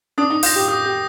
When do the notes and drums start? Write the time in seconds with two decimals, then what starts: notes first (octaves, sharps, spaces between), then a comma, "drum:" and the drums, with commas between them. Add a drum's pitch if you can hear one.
0.18 D4 D#6
0.30 D#4
0.43 F4 G6 A#6, drum: open hi-hat
0.56 G4
0.68 G4 D#6
0.85 G4